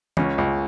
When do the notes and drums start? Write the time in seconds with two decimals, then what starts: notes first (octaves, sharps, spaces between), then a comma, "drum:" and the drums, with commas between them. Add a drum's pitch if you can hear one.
0.17 C#2 C#4, drum: tom
0.38 C#2